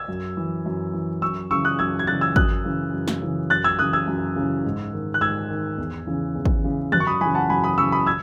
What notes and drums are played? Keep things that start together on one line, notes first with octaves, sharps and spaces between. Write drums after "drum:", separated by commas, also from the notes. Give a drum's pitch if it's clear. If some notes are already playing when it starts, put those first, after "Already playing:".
Already playing: E6 G#6
F#2
E3
F#2
E3
F#2 C#6 E6
C#3 E3 C#6 E6
D#6 F#6
F#2 E6 G#6
G#6
C#3 E3 F#6 A6
E6 G#6
F#2 D#6 F#6, drum: kick
C#3 E3
F#2
drum: snare
C#3 E3
F#2 F#6 A6
E6 G#6
C#3 E3 D#6 F#6
E6 G#6
F#2
C#3 E3
G#2
D#3
F#6
G#2 E6 G#6
D#3
E2
C#3 E3
E2
drum: kick
C#3 E3
F#2 F#6 A6, drum: tom
C#6
B5 D#6
C#3 E3 G#5 B5
F#5 A5
F#2 G#5 B5
B5 D#6
C#3 E3 C#6 E6
B5 D#6
E6 G#6